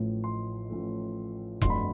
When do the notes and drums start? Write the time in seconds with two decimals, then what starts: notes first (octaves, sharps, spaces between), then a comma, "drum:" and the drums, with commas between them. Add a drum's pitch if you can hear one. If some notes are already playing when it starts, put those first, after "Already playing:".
Already playing: A1 A2 F3 A3
0.24 C6
0.69 A1 A2 F3 A3
1.62 G1 F2 D3 F#3 A3 C6, drum: kick E1
1.70 B5